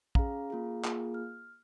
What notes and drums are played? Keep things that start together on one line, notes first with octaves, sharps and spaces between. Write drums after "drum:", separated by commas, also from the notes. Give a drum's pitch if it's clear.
C#4 G#4 F5 A#5, drum: kick
A#3 F4 G#4
A#3 F4 G#4, drum: clap
F6